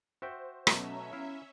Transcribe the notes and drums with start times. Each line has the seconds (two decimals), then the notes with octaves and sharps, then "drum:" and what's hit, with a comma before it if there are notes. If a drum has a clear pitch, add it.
0.22 F#4 C5 E5 G5
0.67 B2 F#3 A3 B3 C#4 E5, drum: rim click
1.13 E4 F5